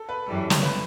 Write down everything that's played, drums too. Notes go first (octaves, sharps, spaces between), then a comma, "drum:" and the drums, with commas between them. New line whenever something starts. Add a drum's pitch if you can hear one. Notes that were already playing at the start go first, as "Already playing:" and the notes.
Already playing: A4
B4
F#2 E3 G3 A4
C#5, drum: snare
B4